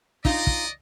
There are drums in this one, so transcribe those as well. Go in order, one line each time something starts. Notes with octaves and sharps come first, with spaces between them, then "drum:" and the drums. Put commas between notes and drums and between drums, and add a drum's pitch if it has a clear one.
D#4 F4 D5 D#5, drum: kick
drum: kick